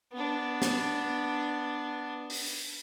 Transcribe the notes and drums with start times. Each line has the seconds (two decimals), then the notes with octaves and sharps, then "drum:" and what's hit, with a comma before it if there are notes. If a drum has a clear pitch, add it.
0.13 B3 D4
0.62 drum: snare
2.30 drum: open hi-hat